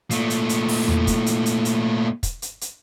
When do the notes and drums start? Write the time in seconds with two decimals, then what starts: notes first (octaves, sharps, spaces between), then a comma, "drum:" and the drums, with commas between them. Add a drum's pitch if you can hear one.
0.11 A#2 A3, drum: hi-hat
0.30 drum: hi-hat
0.49 drum: hi-hat
0.69 drum: open hi-hat
0.88 drum: tom E2
1.07 drum: kick, hi-hat
1.26 drum: hi-hat
1.46 drum: hi-hat
1.65 drum: hi-hat
2.23 drum: kick, hi-hat
2.42 drum: hi-hat
2.61 drum: hi-hat